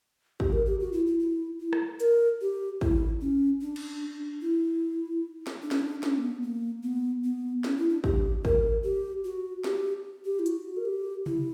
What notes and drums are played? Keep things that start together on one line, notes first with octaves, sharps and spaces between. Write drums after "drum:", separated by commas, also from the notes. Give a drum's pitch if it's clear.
G4, drum: kick
A#4
G4
F#4
E4
E4
E4
E4
drum: rim click
A#4, drum: hi-hat
G4
E4, drum: kick
C#4
D4
drum: cymbal
E4
drum: snare
D4
C#4, drum: snare
D4
C#4, drum: snare
A#3
B3
A#3
B3
B3
C#4, drum: snare
E4
D4
G4, drum: kick
A#4, drum: kick
G4
F#4
G4, drum: snare
G4
E4
F#4, drum: hi-hat
A#4
G4
E4, drum: tom C3